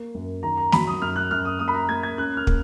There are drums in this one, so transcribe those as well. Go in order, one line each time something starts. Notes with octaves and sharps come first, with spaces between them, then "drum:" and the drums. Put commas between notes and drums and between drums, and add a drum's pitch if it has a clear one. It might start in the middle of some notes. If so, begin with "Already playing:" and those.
Already playing: A#3
F#2
D#3 A#5
A#5
F#3 B5, drum: snare
D#6
F#2 F6
F#6
F#2 F6
D#6
A#3 D#6
B5
A#5
A#3 G#6
G#6
C#4 F#6
F6
A#3, drum: kick